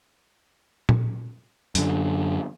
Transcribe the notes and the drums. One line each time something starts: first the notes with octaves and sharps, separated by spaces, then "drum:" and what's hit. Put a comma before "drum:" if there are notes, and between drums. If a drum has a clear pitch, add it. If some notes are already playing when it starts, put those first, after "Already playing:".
drum: tom A#2
F#2 D3, drum: hi-hat